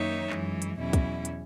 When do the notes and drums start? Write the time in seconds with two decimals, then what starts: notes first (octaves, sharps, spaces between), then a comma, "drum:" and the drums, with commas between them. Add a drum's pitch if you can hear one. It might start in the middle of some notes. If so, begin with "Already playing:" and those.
Already playing: F#2 D#3 A#3 D#4 C#5 E5
0.30 F#2 E3 G#3, drum: clap
0.62 drum: hi-hat
0.78 E2 B2 F#3 C#4 E4
0.93 drum: kick, hi-hat
1.25 drum: hi-hat